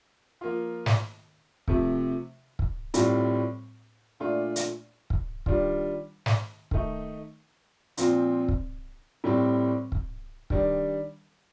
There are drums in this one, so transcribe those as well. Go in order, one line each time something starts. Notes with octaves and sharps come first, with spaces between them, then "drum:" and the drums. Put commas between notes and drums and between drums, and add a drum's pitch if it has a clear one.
F3 A#3 F4
drum: snare
C3 F3 A3, drum: kick
drum: kick
A2 G3 C4 F4, drum: hi-hat
A#2 A3 D4 F4
drum: hi-hat
drum: kick
D#3 G3 D4 F4, drum: kick
drum: snare
D#3 A3 D#4, drum: kick
A#2 F3 C4 F4, drum: hi-hat
drum: kick
A2 G3 C4
drum: kick
D#3 G3 D4, drum: kick